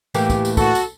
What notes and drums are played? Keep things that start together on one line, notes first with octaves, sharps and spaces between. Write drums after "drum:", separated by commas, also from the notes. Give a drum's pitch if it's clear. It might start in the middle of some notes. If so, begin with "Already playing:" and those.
A2 E3 A#3 G4, drum: tambourine
drum: kick, tambourine
drum: tambourine
F#4 A4, drum: kick, tambourine
drum: tambourine